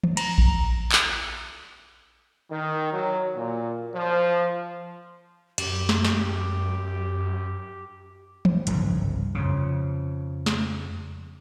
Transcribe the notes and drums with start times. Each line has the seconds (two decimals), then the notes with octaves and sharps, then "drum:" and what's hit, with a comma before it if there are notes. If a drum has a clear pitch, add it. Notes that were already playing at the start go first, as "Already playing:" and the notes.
0.04 drum: tom E3
0.17 A#5, drum: cymbal
0.38 drum: kick A1
0.92 drum: clap
2.51 D#3
2.92 F#3
3.35 A#2
3.95 F3
5.58 F#2 G4, drum: cymbal
5.89 drum: snare
6.05 drum: snare
8.45 drum: tom E3
8.67 G1 C2 G#2 C#3, drum: hi-hat
9.35 F2 C#3
10.46 drum: snare